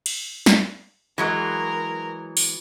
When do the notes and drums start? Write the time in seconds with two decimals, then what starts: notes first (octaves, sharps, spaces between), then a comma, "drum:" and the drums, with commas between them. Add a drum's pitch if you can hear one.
0.06 drum: cymbal
0.46 drum: snare
1.18 E3 F#3 G#3 A#4
2.37 drum: open hi-hat